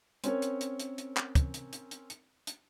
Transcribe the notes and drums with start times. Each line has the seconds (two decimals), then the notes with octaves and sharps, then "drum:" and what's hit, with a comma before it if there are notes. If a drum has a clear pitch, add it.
0.24 C4 C#4 A#4 C#5, drum: hi-hat
0.42 drum: hi-hat
0.61 drum: hi-hat
0.80 drum: hi-hat
0.98 drum: hi-hat
1.17 drum: clap
1.35 drum: kick, hi-hat
1.54 drum: hi-hat
1.73 drum: hi-hat
1.91 drum: hi-hat
2.10 drum: hi-hat
2.47 drum: hi-hat